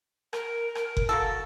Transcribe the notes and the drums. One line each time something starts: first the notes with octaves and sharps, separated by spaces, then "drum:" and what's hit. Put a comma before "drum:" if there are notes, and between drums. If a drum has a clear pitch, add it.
A#4, drum: rim click
drum: rim click
drum: kick F#1
A#3 F#4 A4